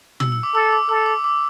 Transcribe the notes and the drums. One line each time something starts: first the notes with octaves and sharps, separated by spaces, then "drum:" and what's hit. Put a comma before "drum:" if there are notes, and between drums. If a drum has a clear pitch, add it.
E6, drum: tom
E6
D6
A4 E6
D6
A4 E6
D6
D6